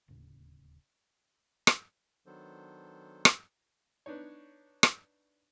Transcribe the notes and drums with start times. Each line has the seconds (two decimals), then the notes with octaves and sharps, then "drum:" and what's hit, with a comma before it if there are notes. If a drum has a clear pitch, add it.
0.08 D1 D#2 A2 C#3
1.67 drum: rim click
2.26 D#3 F#3 B3 D4 A4 C5
3.25 drum: rim click
4.06 B3 D4 D#4 C#5
4.83 drum: rim click